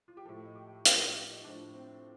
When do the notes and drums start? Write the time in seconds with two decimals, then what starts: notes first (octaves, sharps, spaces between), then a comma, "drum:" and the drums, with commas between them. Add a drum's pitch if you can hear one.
0.08 F4
0.17 G4
0.25 A2 F3 A4
0.45 D#5
0.55 G4
0.85 A2 F3, drum: hi-hat
1.15 G4
1.30 D#4
1.44 A2 F3 D4
1.74 C4